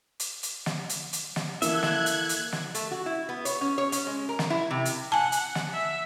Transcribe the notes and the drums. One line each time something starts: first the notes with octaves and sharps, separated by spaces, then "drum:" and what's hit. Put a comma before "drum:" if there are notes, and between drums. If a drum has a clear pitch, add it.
drum: hi-hat
drum: hi-hat
drum: snare
drum: hi-hat
drum: hi-hat
drum: snare
E3 A#3 A4 E5 F#6 G#6, drum: hi-hat
drum: snare
drum: hi-hat
drum: hi-hat
drum: snare
A3, drum: hi-hat
F#4
E4
B3
C#5, drum: hi-hat
C#4
C#5
C#4, drum: hi-hat
G#3
A#4
drum: snare
E4
C3
drum: hi-hat
F#5 G#5 A5
drum: hi-hat
drum: snare
E5